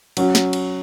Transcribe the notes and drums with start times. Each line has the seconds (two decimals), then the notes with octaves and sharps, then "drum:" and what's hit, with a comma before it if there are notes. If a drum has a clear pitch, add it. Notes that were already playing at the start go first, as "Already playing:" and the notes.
0.17 F#3 C#4 F#4, drum: cymbal
0.35 drum: snare
0.53 drum: cymbal